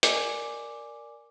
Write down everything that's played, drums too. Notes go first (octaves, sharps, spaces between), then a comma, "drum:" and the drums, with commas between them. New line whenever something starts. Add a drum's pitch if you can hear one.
A#4 D5 G#5 D6, drum: hi-hat